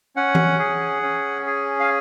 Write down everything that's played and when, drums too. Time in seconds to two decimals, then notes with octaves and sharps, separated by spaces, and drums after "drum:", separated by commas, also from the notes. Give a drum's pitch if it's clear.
0.16 C#4 F#5
0.35 drum: tom E3
0.59 G#4
1.03 C#4
1.46 G#4
1.80 F5